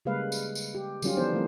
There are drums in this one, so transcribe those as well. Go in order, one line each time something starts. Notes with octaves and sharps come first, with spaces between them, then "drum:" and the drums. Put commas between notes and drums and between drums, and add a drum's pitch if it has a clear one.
C#3 G3 G#3 A#3 B4 F5
drum: tambourine
drum: tambourine
G4
D3 F#3 G3 C#4 F4 G4, drum: tambourine
E3 F3 B3 D4 D#4 C5
E3 G3 A3 A#3 C4